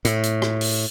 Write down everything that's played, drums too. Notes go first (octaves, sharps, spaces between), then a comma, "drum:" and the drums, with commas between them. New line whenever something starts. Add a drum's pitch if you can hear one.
A2, drum: hi-hat
drum: hi-hat
drum: rim click
drum: open hi-hat